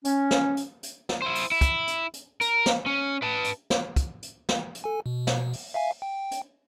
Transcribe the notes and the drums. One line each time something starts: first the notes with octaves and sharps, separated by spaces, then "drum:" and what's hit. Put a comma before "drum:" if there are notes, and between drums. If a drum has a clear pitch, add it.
C#4, drum: hi-hat
drum: snare
drum: hi-hat
drum: hi-hat
drum: snare
E4 C5
drum: open hi-hat
E4
drum: kick, hi-hat
drum: hi-hat
drum: hi-hat
A#4, drum: hi-hat
drum: snare
C#4
B4 A5
drum: hi-hat
drum: snare
drum: kick, hi-hat
drum: hi-hat
drum: snare
drum: hi-hat
A4 G#5
B2
drum: snare
drum: open hi-hat
E5 F5 G#5
G5
drum: hi-hat